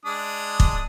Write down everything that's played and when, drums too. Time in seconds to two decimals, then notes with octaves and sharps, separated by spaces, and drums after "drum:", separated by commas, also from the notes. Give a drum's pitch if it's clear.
0.05 G#3 D4 D#6
0.60 drum: kick